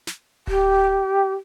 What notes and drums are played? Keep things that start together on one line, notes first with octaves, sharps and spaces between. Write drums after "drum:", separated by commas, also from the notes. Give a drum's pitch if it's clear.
drum: snare
G4, drum: kick D1